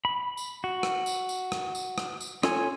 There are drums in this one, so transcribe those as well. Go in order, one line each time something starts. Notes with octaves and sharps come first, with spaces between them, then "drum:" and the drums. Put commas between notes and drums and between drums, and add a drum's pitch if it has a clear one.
B5
drum: tambourine
F#4
drum: rim click
drum: tambourine
drum: tambourine
drum: rim click
drum: tambourine
drum: rim click
drum: tambourine
C#4 F4 A4 C#5 G#5, drum: rim click